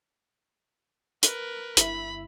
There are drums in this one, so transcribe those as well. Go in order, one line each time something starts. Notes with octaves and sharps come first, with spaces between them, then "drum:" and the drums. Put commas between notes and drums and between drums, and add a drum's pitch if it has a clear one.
A#4 B4, drum: hi-hat
G1 E4 E5 B5, drum: hi-hat